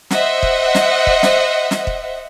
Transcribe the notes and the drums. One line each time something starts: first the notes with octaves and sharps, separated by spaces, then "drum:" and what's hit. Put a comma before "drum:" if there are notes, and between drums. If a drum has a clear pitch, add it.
C5 D#5 E5 F#5, drum: snare
drum: kick
drum: snare
drum: kick
drum: snare
drum: snare
drum: kick